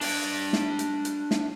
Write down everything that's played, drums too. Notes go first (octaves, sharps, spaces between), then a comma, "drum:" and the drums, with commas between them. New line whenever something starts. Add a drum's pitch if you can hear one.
D4 G5, drum: open hi-hat
drum: snare
drum: hi-hat
drum: hi-hat
drum: snare